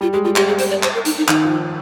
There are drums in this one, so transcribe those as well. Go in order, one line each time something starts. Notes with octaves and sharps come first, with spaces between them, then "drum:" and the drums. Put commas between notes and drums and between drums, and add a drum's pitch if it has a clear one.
G3 F4
G#3 G4
G3 F4
G3 G4, drum: clap
G#4
C5, drum: hi-hat
D5
C5, drum: clap
A#4
D#4, drum: hi-hat
D#4
D#3 D#4, drum: clap
F3